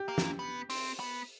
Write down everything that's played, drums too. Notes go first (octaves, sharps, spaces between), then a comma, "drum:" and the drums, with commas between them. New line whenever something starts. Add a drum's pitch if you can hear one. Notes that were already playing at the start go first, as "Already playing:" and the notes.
Already playing: G4
A#3
drum: snare
B3
C4, drum: open hi-hat
B3